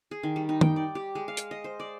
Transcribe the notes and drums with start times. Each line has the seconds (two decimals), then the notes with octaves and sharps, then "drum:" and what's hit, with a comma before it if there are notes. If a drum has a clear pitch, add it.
0.11 G#4
0.23 D#3
0.36 G3
0.49 D#4
0.61 G5, drum: tom
0.76 D5
0.95 G4
1.15 G#3
1.28 F5
1.37 drum: hi-hat
1.51 D#5
1.64 C5
1.80 D5